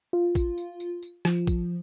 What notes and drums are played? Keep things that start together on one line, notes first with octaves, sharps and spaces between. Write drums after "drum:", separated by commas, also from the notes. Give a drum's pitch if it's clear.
F4
drum: kick, tambourine
drum: tambourine
drum: tambourine
drum: tambourine
F3, drum: rim click
drum: kick, tambourine